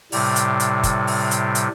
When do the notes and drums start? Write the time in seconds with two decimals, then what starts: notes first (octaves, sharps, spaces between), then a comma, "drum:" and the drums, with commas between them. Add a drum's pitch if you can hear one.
0.12 A2 C3 G3, drum: open hi-hat
0.36 drum: hi-hat
0.60 drum: hi-hat
0.83 drum: kick, hi-hat
1.07 drum: open hi-hat
1.31 drum: hi-hat
1.55 drum: hi-hat